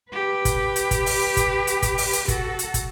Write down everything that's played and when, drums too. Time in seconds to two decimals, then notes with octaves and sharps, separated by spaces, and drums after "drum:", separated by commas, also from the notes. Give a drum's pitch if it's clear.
0.11 G4 B4
0.45 drum: kick, hi-hat
0.76 drum: hi-hat
0.91 drum: kick, hi-hat
1.06 drum: open hi-hat
1.37 drum: kick, hi-hat
1.67 drum: hi-hat
1.82 drum: kick, hi-hat
1.98 drum: open hi-hat
2.13 drum: hi-hat
2.28 F#4 A4, drum: kick, hi-hat
2.59 drum: hi-hat
2.74 drum: kick, hi-hat